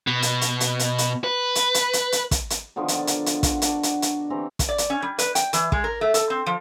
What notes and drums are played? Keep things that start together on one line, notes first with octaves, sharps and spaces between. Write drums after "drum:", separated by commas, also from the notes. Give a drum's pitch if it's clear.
B2
drum: hi-hat
drum: hi-hat
drum: hi-hat
drum: hi-hat
drum: hi-hat
B4
drum: hi-hat
drum: hi-hat
drum: hi-hat
drum: hi-hat
drum: kick, hi-hat
drum: hi-hat
B2 D3 D#3 F3
drum: hi-hat
D5
drum: hi-hat
drum: hi-hat
F#4 F5, drum: kick, hi-hat
D4 F#5 D6, drum: hi-hat
drum: hi-hat
drum: hi-hat
E3 C4 G4 A#5
drum: kick, hi-hat
D5
drum: hi-hat
C#4
G3
B4, drum: hi-hat
G5, drum: hi-hat
E3, drum: hi-hat
G#3, drum: kick
A#4
A3
A4, drum: hi-hat
C4
F3